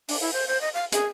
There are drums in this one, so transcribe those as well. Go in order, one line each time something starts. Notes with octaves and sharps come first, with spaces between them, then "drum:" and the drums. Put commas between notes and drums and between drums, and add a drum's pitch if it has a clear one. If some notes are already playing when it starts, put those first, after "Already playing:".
D4, drum: open hi-hat
E4
C5
C5
D#5
F5
G#4, drum: hi-hat